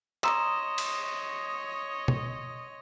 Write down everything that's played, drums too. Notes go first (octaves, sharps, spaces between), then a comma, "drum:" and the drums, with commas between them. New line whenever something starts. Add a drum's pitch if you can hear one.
C#5 D#5 A#5 C6 D#6 E6 E7, drum: clap
drum: cymbal
drum: tom B2